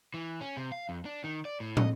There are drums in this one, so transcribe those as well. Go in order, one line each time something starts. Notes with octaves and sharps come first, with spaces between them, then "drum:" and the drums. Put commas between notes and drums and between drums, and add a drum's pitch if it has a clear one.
E3
C#4
C3
F5
F2
D4
D#3
D5
A2
D#5, drum: tom